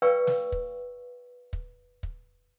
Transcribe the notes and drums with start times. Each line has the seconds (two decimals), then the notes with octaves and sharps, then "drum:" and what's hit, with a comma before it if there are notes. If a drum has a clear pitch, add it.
0.02 B4 D5 F5 G5 C#6 E6
0.27 drum: snare
0.52 drum: kick
1.53 drum: kick
2.03 drum: kick